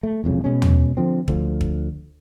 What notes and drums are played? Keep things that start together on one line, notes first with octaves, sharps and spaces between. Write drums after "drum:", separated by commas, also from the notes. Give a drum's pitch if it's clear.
A3
E1 C2 F2 C#3
B2 G#3 C#4
drum: tom
D3 F3 C4
D2 D3 F3, drum: kick
drum: kick